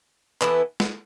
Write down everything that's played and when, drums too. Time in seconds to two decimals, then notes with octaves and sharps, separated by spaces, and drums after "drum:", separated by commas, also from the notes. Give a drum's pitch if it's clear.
0.42 E3 B3 E4 A4, drum: clap
0.80 drum: snare